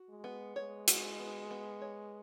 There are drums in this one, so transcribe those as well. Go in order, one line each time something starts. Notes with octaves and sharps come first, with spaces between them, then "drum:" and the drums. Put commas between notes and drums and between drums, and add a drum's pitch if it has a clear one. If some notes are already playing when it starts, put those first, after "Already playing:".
Already playing: F#4
G#3
B3
G#3 C#5
F#4, drum: hi-hat
B3
B3
C#5